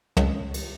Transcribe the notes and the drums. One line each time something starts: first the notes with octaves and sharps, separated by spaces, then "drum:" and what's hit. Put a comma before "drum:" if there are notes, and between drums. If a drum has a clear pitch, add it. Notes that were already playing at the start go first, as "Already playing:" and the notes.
C#2, drum: tom
drum: cymbal